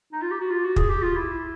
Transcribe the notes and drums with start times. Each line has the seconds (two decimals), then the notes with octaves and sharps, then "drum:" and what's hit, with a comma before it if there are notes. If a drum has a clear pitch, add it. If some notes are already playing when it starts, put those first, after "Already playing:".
0.13 D#4
0.22 F4
0.31 G4
0.41 F#4
0.51 F4
0.64 F#4
0.76 G#4, drum: kick
0.90 G4
1.02 F4
1.16 E4